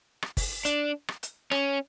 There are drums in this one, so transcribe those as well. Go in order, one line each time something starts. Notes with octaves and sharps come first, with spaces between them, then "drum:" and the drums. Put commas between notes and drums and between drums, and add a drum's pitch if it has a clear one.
drum: rim click
drum: kick, open hi-hat
D4, drum: hi-hat
drum: rim click
drum: hi-hat
C#4, drum: rim click